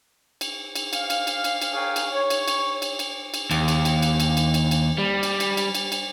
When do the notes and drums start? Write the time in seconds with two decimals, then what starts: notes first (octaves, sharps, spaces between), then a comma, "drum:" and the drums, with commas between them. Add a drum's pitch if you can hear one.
0.41 drum: cymbal
0.75 drum: cymbal
0.93 F5, drum: cymbal
1.10 drum: cymbal
1.27 drum: cymbal
1.44 drum: cymbal
1.62 drum: cymbal
1.73 G#4 A#4 C#5 F5 G5
1.96 drum: cymbal
2.10 C#5
2.30 drum: cymbal
2.48 drum: cymbal
2.82 drum: cymbal
2.99 drum: cymbal
3.34 drum: cymbal
3.51 D#2, drum: cymbal
3.68 drum: cymbal
3.85 drum: cymbal
4.02 drum: cymbal
4.20 drum: cymbal
4.37 drum: cymbal
4.54 drum: cymbal
4.71 drum: cymbal
4.98 G3
5.23 drum: cymbal
5.40 drum: cymbal
5.57 drum: cymbal
5.75 drum: cymbal
5.92 drum: cymbal